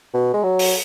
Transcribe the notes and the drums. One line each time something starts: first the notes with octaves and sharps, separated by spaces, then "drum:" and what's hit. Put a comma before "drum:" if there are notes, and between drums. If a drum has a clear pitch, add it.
B2
G#3
F#3
drum: open hi-hat